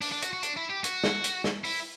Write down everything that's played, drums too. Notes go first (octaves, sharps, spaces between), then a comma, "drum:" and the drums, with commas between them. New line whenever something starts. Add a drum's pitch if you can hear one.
D4, drum: open hi-hat
D4
F#4, drum: hi-hat
F#4
D4, drum: hi-hat
E4
G4
F#4, drum: hi-hat
drum: snare
drum: hi-hat
drum: snare
E4, drum: open hi-hat